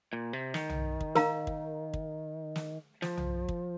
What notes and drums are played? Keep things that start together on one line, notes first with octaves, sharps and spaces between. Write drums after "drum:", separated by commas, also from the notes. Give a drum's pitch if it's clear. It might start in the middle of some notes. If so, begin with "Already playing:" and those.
A#2
C3
D#3, drum: snare
drum: tom
drum: kick
A#4 F5 A#5, drum: snare
drum: kick
drum: kick
drum: snare
F3, drum: snare
drum: tom
drum: kick